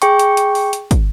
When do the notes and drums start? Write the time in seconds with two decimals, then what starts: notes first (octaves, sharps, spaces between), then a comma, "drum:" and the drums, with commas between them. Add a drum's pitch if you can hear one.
0.02 G#4 G5 C#6, drum: hi-hat
0.19 drum: hi-hat
0.37 drum: hi-hat
0.55 drum: open hi-hat
0.73 drum: hi-hat
0.91 drum: kick, hi-hat